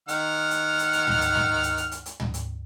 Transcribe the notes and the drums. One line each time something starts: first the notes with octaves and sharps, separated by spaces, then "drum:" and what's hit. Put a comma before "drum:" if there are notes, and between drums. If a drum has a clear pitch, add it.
D#3 F#5 F6, drum: hi-hat
drum: hi-hat
drum: hi-hat
drum: hi-hat
drum: tom
drum: hi-hat
drum: tom
drum: hi-hat
drum: hi-hat
drum: hi-hat
drum: hi-hat
drum: tom
drum: hi-hat